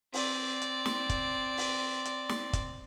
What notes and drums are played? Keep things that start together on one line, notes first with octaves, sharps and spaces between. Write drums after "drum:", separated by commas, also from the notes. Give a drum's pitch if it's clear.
C4 D5, drum: open hi-hat
drum: hi-hat
drum: snare
drum: kick, hi-hat
drum: open hi-hat
drum: hi-hat
drum: snare
drum: kick, hi-hat